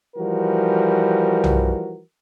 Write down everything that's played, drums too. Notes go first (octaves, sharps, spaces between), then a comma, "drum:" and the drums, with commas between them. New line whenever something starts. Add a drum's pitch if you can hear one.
E3 F3 G3 F#4 A#4
drum: tom